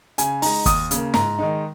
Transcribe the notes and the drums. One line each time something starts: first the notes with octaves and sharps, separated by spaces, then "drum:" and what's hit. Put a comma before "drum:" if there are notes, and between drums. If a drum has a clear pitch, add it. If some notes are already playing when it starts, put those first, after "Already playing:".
C#3 G#5, drum: hi-hat
G#3 D#4 A#5, drum: open hi-hat
D#2 D#6, drum: kick, hi-hat
C#3 A#3, drum: hi-hat
G#2 A#5, drum: snare
D#3 G#3 D#4